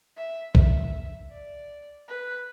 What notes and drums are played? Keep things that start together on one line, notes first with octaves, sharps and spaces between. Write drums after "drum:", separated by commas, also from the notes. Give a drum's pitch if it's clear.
E5
E5, drum: kick A#1
D5
B4